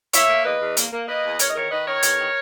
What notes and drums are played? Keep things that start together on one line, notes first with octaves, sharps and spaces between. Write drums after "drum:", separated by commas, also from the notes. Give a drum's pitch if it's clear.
A#3 C#5 E5, drum: hi-hat
A#3
E2 B4 D#5
E2
A#3, drum: hi-hat
A#3
A#3 B4 D#5
E2
E2 A#4 C#5, drum: hi-hat
D#5
D#3 A#4 C#5
D#3 B4 D#5
D#3 A#4 C#5
E2, drum: hi-hat
D#3